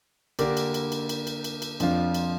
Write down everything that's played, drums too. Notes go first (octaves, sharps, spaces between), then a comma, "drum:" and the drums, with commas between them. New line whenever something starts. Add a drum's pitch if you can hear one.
D3 A#3 D4 G4 A#4, drum: cymbal
drum: cymbal
drum: cymbal
drum: cymbal
drum: cymbal
drum: cymbal
drum: cymbal
drum: cymbal
F2 F3 D4 F4, drum: cymbal
drum: cymbal